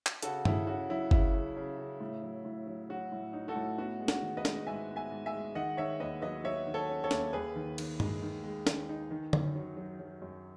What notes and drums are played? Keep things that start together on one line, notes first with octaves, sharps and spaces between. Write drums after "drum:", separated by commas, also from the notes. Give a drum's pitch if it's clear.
drum: clap
C#3 F#4 A4, drum: hi-hat
C#3 E4, drum: tom G2
C#4 F#4
F#3 E4
C#3 E4, drum: kick G1
C#3
C#3
C#3
A2
F#3
A2
F#3
F#3 F#4
A2
D#4
F#4 A4
A2
B3 F#4
G#3
F#4, drum: snare
D#3
B4 D#5
G#3, drum: snare
G#2 E5 G#5
B3
E5 G#5
G#2
E5 G#5
G#3
D#3 D#5 F#5
D#3 C#5 E5
D#2 B4 D#5
F#3 B4 D#5
F#3 C#5 E5
D#3
A4 C#5
C#4
A4 C#5
D#2, drum: snare
D#2 G#4 B4
D#3
D#3, drum: cymbal
G#3, drum: tom G2
D#3
G#3
D#3, drum: snare
D#4
D#3
F#2, drum: tom D3
F#3
F#3
F#3
F#2